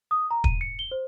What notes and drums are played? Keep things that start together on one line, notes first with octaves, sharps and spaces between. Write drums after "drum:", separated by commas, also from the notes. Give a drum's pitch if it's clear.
D#6
A#5
D#7, drum: kick
C#7
G7
C5